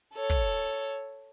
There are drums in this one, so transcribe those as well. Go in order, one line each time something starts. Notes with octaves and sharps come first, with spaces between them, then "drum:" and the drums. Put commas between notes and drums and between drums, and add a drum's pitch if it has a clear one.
A4 C#5
drum: kick